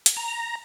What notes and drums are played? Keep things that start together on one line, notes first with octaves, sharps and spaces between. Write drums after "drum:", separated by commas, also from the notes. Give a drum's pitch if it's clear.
drum: hi-hat
A#5